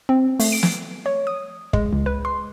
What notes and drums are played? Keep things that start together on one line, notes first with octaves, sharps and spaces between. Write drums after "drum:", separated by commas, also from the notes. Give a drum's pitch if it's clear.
C4
A3, drum: open hi-hat
D7
drum: snare
C#5
D#6
G#3, drum: kick
C#2
B4
C6